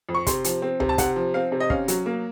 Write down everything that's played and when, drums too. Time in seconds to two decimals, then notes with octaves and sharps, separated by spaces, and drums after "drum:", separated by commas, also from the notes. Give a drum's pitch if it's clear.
0.09 F2
0.14 C#6
0.27 C3 C6, drum: kick, hi-hat
0.44 F3, drum: hi-hat
0.62 C4
0.80 C3, drum: tom C#2
0.89 A5
0.98 C3 F#5, drum: kick, hi-hat
1.16 F3
1.34 C4 F5
1.52 C3
1.60 D#5
1.70 C#4 F5, drum: kick
1.88 F#3, drum: hi-hat
2.06 A#3